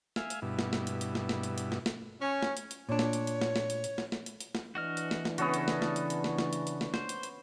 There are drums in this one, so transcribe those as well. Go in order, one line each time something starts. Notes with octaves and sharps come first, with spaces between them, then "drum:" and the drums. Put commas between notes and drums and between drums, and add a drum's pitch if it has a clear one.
E5 F5 G#5, drum: snare
drum: hi-hat
G2 B2 E4
drum: snare
drum: snare
drum: hi-hat
drum: hi-hat
drum: snare
drum: snare
drum: hi-hat
drum: hi-hat
drum: snare
drum: snare
C#4 C#5
drum: snare
drum: hi-hat
drum: hi-hat
A#2 D4 C#5
drum: snare
drum: hi-hat
drum: hi-hat
drum: snare
drum: snare
drum: hi-hat
drum: hi-hat
drum: snare
drum: snare
drum: hi-hat
drum: hi-hat
drum: snare
E3 D4 F#4 D#5 F6
drum: hi-hat
drum: snare
drum: snare
C#3 B3 C#4 F#4 A4, drum: hi-hat
drum: hi-hat
drum: snare
drum: snare
drum: hi-hat
drum: hi-hat
drum: snare
drum: snare
drum: hi-hat
drum: hi-hat
drum: snare
C5, drum: snare
drum: hi-hat
drum: hi-hat